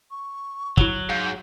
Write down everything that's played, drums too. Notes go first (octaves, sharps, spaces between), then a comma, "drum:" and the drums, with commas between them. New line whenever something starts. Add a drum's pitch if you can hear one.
C#6
G2 F#3 E4, drum: kick
G#2 F5 G6